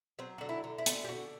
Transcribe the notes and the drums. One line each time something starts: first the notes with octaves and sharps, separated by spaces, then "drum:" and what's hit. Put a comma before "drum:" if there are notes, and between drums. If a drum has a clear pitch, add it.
F#3 C4
D3 F#4
E4
D3
E4
D3, drum: hi-hat
G4
D3 F#4